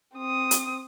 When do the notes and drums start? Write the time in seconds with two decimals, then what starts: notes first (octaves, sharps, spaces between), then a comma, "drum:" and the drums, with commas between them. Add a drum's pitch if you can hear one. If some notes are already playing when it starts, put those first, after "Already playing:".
0.15 C4 D#6
0.51 drum: hi-hat